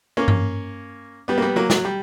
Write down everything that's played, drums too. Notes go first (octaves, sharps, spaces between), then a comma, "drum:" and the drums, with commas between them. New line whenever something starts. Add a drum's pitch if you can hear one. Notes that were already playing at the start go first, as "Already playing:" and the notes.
A#3 C#4
drum: tom G2
G3 B3
A#3
G3 B3
F#3 A#3
F#3, drum: snare
G3